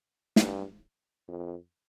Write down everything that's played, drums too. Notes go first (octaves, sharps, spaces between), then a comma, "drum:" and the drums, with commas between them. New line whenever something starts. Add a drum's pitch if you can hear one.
G2, drum: snare
F2